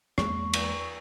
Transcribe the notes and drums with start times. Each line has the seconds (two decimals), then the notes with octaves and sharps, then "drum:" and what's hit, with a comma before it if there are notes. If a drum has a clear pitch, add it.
0.18 E2 G#3 A#3 C#6, drum: rim click
0.53 drum: cymbal